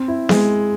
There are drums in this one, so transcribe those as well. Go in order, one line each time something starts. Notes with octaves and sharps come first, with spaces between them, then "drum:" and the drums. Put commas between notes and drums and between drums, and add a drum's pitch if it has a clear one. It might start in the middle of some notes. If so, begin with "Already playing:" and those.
Already playing: C4
E4
G#3, drum: snare B3